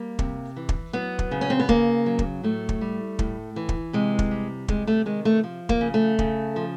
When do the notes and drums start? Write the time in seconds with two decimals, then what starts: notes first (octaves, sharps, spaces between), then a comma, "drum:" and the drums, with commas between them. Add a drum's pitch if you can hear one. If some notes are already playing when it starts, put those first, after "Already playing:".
Already playing: G3 A#3
0.19 C3, drum: kick
0.56 E3
0.69 drum: kick
0.93 F#3 B3
1.19 drum: kick
1.31 C#3
1.41 C#4
1.50 C4
1.60 B3
1.69 C#3 A#3, drum: kick
2.06 F#3
2.19 drum: kick
2.43 A2 A3
2.69 drum: kick
2.81 G3
3.19 A2, drum: kick
3.56 E3
3.69 drum: kick
3.93 C3 G#3
4.19 drum: kick
4.31 G3
4.68 C3 G#3, drum: kick
4.87 A3
5.06 D#3 G#3
5.25 A3
5.44 F3
5.69 A#3, drum: kick
5.81 C#3
5.94 A3
6.19 C#3, drum: kick
6.56 F3